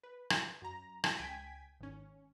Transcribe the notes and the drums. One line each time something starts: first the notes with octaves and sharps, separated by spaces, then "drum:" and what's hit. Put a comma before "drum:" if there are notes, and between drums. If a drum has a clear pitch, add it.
B4
drum: rim click
F#2 A#5
A5, drum: rim click
C#2 G5 G#5 G#6 B6
G#1 C#4